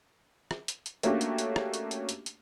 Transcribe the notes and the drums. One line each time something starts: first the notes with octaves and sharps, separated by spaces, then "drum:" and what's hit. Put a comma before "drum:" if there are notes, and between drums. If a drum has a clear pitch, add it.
drum: rim click
drum: hi-hat
drum: hi-hat
A3 A#3 C#4 D4 F#4 G4, drum: hi-hat
drum: hi-hat
drum: hi-hat
drum: rim click
drum: hi-hat
drum: hi-hat
drum: hi-hat
drum: hi-hat